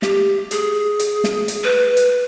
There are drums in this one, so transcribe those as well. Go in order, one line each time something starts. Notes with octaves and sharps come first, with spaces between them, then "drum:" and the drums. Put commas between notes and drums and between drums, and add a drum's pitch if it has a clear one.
G4, drum: snare
G#4, drum: hi-hat
drum: hi-hat
drum: snare
drum: hi-hat
B4
drum: hi-hat